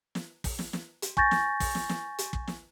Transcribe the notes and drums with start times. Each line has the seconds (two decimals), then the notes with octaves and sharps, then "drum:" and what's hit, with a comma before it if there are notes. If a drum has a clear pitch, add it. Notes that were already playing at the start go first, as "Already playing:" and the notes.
0.15 drum: snare
0.44 drum: kick, open hi-hat
0.59 drum: snare
0.73 drum: snare
1.02 drum: hi-hat
1.17 G#5 C#6 G6 A6 A#6, drum: kick
1.31 drum: snare
1.60 drum: kick, open hi-hat
1.75 drum: snare
1.89 drum: snare
2.18 drum: hi-hat
2.33 drum: kick
2.48 drum: snare